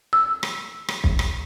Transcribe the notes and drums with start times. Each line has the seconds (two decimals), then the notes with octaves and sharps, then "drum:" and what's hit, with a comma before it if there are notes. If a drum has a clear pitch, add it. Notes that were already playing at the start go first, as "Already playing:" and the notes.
0.13 E6
0.43 drum: rim click
0.88 drum: rim click
1.04 drum: kick
1.19 drum: rim click